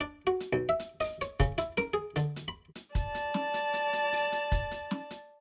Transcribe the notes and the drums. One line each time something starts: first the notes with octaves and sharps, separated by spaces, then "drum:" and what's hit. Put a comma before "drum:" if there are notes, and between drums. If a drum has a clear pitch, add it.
D4
F#4
drum: hi-hat
B1
E5
drum: hi-hat
D#5, drum: open hi-hat
C#5, drum: hi-hat
C#3, drum: kick, hi-hat
E4, drum: hi-hat
A#4, drum: snare
G#4
D3, drum: hi-hat
drum: hi-hat
B5
drum: hi-hat
D5 A5, drum: kick, hi-hat
drum: hi-hat
drum: snare
drum: hi-hat
drum: hi-hat
drum: hi-hat
drum: open hi-hat
drum: hi-hat
drum: kick, hi-hat
drum: hi-hat
drum: snare
drum: hi-hat